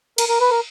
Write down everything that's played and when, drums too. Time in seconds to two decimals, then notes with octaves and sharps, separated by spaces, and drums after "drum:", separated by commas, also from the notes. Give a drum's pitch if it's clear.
0.18 A#4, drum: cymbal
0.29 A#4
0.40 B4
0.51 A#4